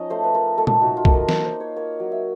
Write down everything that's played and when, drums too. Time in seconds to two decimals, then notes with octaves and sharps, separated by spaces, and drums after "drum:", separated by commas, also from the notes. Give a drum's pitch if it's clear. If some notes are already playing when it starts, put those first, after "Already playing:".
Already playing: F3 C#4 D#4 D#5
0.10 A3 C5
0.24 B4
0.34 F4 A#4
0.58 A3 A4
0.67 drum: tom
0.81 D#4 F#4
0.97 F4
1.05 A#3 A4, drum: kick B1
1.13 A#4
1.29 A#3, drum: snare
1.45 C5
1.52 D#4
1.60 C#5
1.76 A#3 C#5
2.00 F#3
2.12 E5